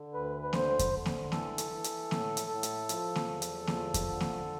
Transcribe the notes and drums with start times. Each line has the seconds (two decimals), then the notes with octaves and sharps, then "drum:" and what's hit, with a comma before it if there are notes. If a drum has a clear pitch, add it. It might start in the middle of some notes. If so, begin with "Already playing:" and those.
Already playing: D3
0.14 D2 B4
0.42 B4
0.53 D3 C5, drum: snare A#3
0.79 drum: kick F2, hi-hat
0.93 D3
1.06 drum: snare A#3
1.32 E3 A4, drum: snare A#3
1.58 drum: hi-hat
1.71 E3
1.84 drum: hi-hat
2.11 A2, drum: snare A#3
2.37 drum: hi-hat
2.50 A2
2.63 drum: hi-hat
2.89 F3, drum: hi-hat
3.15 drum: snare A#3
3.29 E2
3.42 drum: hi-hat
3.67 F3, drum: snare A#3
3.94 drum: kick F2, hi-hat
4.08 D3
4.20 drum: snare A#3